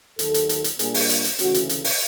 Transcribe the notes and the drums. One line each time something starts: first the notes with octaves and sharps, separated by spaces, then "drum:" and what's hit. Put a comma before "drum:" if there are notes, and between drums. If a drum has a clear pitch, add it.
D#2 D#3 F#3 A4, drum: hi-hat
drum: hi-hat
drum: hi-hat
drum: hi-hat
A#2 G3 A#3 D4 G#4, drum: hi-hat
drum: open hi-hat
drum: hi-hat
drum: hi-hat
D2 C#3 E3 A3 C#4 F#4, drum: hi-hat
drum: hi-hat
drum: hi-hat
drum: open hi-hat